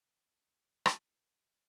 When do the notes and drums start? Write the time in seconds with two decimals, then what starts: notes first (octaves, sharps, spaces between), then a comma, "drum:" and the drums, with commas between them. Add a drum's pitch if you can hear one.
0.13 C4 D#6
0.86 drum: rim click